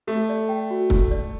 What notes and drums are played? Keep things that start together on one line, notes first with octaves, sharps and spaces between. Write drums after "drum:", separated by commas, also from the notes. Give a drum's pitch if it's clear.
A3 A4
D5
G5
F#4
A4, drum: kick
D5